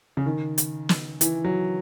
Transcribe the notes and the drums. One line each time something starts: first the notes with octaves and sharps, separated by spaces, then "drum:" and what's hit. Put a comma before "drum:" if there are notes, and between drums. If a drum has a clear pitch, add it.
C#3
D#3
drum: hi-hat
drum: snare
E3, drum: hi-hat
F#3